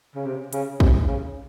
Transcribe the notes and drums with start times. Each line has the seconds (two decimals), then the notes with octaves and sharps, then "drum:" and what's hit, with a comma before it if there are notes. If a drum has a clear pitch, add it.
0.15 C#3
0.25 C3
0.53 C#3, drum: hi-hat
0.80 C3, drum: kick
1.07 C#3